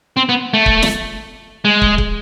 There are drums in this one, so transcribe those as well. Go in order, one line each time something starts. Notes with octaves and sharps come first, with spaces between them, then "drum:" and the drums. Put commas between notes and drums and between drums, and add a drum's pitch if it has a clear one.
C4
B3
A3
drum: kick
drum: snare
G#3
drum: kick
drum: kick